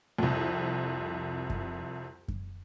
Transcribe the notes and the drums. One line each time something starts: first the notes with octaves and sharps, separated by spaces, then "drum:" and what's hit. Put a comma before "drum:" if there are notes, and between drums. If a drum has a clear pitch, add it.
C2 F2
drum: kick F#2
drum: kick F#2